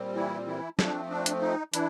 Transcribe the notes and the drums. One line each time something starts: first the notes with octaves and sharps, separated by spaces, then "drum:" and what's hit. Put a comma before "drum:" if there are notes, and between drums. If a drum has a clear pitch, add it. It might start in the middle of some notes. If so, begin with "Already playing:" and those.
Already playing: A#2 G3 C4
E3 E4
E3 E4
F3 A3 C4 D4, drum: snare
D4
drum: hi-hat
D#4
E3 D4 E4, drum: hi-hat